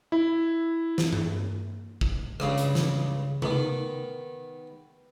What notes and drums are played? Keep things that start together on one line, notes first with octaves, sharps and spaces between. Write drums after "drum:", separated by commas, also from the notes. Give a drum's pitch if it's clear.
E4
drum: snare
drum: tom G2
drum: kick
C#2 G2 C#3, drum: rim click
drum: hi-hat
drum: snare
D#3 B3, drum: tom C3